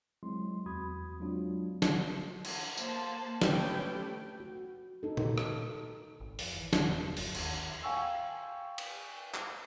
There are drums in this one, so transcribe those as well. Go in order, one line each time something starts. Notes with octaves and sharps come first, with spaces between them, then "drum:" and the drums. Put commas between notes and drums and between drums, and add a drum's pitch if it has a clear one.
F#3 G#3 C4 E4 C6
E2 C4 F#4 B5 D#6 G#6
F#3 G#3 C4 D4 F4 F#4
drum: snare
drum: cymbal
A#3 C5 A5, drum: tambourine
A3 C#4 G4 A4 B4 G5, drum: snare
F#4
D#4 A4
drum: tom A#2
drum: rim click
G#1
F2, drum: open hi-hat
E3
E1, drum: snare
E1
G1, drum: open hi-hat
D#2, drum: cymbal
F5 G5 G#5 C#6 E6
drum: cymbal
drum: clap